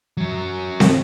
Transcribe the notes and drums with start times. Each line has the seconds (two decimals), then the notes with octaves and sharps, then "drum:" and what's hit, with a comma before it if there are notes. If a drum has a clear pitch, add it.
0.17 F#2 F#3
0.80 drum: snare C4